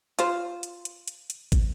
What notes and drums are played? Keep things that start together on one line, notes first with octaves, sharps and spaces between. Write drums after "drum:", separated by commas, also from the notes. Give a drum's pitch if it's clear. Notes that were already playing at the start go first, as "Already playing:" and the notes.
F4 C5, drum: hi-hat
drum: hi-hat
drum: hi-hat
drum: hi-hat
drum: hi-hat
drum: kick, hi-hat